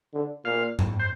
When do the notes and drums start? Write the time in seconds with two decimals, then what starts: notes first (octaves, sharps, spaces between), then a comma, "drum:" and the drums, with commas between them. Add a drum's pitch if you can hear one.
0.14 D3
0.45 A#2 F5
0.79 drum: tom G#2
1.00 C5